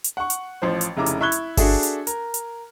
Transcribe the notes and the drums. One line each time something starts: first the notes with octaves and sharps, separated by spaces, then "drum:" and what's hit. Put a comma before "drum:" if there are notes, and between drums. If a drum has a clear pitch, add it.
drum: hi-hat
F#5 C#6
drum: hi-hat
A1 F3 C5
drum: hi-hat
F1 C#3 E4 A#5 D6
drum: hi-hat
E4 B5 C#6 F#6 G#6 G7
drum: hi-hat
D4 F#4 G#4 A4 E5, drum: kick G1, open hi-hat
drum: hi-hat
A#4, drum: hi-hat
drum: hi-hat